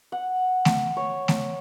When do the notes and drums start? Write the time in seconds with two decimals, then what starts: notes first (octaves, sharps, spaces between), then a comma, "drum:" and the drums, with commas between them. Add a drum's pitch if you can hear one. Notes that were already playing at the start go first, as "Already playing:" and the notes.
0.12 F#5
0.65 drum: snare A3
0.97 C#5
1.28 drum: snare A3